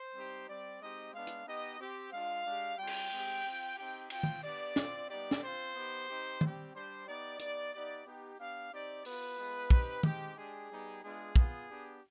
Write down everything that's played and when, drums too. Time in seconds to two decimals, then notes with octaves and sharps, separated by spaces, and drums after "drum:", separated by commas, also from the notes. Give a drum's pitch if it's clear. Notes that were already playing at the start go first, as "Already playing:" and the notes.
Already playing: C5
0.14 G3 C4 D#4 G4
0.47 G3 C4 G4 D5
0.80 G#3 C4 D#4 G4 D#5
1.13 G#3 B3 D4 F5
1.27 drum: hi-hat
1.46 B3 D#4 G4 D#5
1.79 C4 G4
2.12 G#3 D4 F4 F5
2.46 G#3 D4 G4
2.78 G3 C4 F4 G5
2.87 drum: cymbal
3.11 G#3 C4 G4
3.44 C4 F4
3.77 C4 D#4 G4 G5
4.10 C4 F4 G5, drum: cymbal
4.23 drum: tom
4.43 B3 D4 G4 D5
4.76 C4 F4, drum: snare
5.09 G3 B3 D#4 G4 D5
5.31 drum: snare
5.42 C4 F4 C5
5.75 B3 D#4 G4
6.08 C4 D#4 G4
6.41 G3 C4 G4, drum: tom
6.73 G3 D4 G4 C5
7.06 B3 D#4 G4 D5
7.39 B3 D#4 G4 D5, drum: hi-hat
7.73 B3 D#4 G4 D5
8.06 B3 D#4 G4
8.39 B3 D4 G4 F5
8.72 C4 D#4 G4 D5
9.05 B3 F4 B4, drum: open hi-hat
9.38 G#3 B3 F4
9.70 C4 D#4 G4, drum: kick
10.03 G#3 C4 D#4 G4, drum: tom
10.36 G#3 D4 G4 G#4
10.70 G3 B3 D#4 G4
11.03 G#3 B3 D4 F4 G#4
11.36 B3 F4, drum: kick
11.68 B3 D4 G4